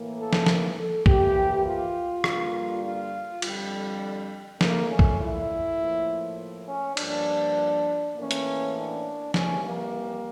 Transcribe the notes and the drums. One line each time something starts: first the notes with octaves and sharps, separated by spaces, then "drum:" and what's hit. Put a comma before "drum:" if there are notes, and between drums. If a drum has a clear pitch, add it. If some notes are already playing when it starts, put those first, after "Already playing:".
Already playing: A2 E3 A#3
A4
drum: snare
A#4, drum: snare
A4
A2 E3 A#3 G4, drum: kick A#1
F4
G2 D3 G3 A#3, drum: rim click
F4
F2 D3 G3, drum: cymbal
A#2 A3 A#3, drum: snare
C#4
drum: kick A#1
E4
A2 F3 A#3
C#4
G2 F3 A#3 D4, drum: cymbal
A2 E3 A#3 C#4
drum: hi-hat
D4
F2 E3 G3 A#3 C#4, drum: snare
A#3